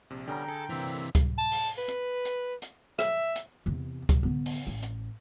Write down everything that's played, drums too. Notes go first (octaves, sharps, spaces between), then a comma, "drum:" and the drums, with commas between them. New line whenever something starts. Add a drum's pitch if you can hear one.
A#1 C3
D3 G3 B3 C#4 G5 A#5
G#4 A4
C3 E3 A#3 C4 E5
drum: kick C#2, hi-hat
A5
drum: open hi-hat
B4
drum: hi-hat
drum: hi-hat
drum: hi-hat
E5, drum: rim click
drum: hi-hat
E2 C3
drum: kick C#2, hi-hat
D3 B3
drum: open hi-hat
A1
drum: hi-hat